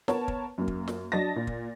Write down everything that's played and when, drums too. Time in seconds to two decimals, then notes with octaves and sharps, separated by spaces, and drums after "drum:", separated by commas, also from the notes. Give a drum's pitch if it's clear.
0.08 B3 A#4 B4 C#5 A5, drum: snare
0.28 drum: kick
0.58 F#2 A#3
0.68 drum: kick
0.88 drum: snare
1.12 F#3 D4 D#5 A5 A6 A#6
1.36 A#2
1.47 drum: kick